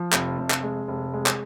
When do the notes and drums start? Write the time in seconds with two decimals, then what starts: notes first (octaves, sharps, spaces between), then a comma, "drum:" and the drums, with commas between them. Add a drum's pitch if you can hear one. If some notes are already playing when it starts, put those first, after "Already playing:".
Already playing: F3
0.13 F1, drum: clap
0.38 F1
0.50 drum: clap
0.63 G#3
0.88 F1
1.14 G#3
1.26 drum: clap